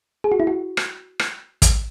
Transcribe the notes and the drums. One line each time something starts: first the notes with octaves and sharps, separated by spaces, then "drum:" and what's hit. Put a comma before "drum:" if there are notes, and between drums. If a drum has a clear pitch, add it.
G#4
F#4
E4
F#4
drum: rim click
drum: rim click
drum: kick, hi-hat